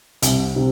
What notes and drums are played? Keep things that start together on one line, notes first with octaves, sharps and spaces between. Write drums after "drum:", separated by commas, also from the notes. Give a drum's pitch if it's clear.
C2, drum: hi-hat
C3